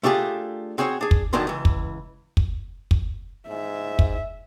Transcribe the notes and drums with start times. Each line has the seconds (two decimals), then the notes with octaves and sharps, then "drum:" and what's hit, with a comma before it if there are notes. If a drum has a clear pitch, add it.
0.03 A3 D4 F4 G4 G#4
0.78 C4 F#4 G#4 C5 C#5
1.01 D4 G#4
1.11 drum: kick
1.33 D2 A2 D#3 F#3 D4 C6
1.47 C#2 E3
1.65 drum: kick
2.37 drum: kick
2.91 drum: kick
3.49 G#2 E5
3.99 drum: kick